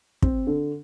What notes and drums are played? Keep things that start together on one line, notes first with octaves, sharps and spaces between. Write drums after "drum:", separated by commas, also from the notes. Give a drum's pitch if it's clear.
C4, drum: kick
D3